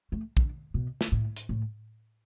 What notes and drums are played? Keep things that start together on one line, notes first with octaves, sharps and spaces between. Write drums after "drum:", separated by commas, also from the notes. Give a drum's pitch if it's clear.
A3
D4, drum: kick
B2
drum: snare
A2
drum: hi-hat
A2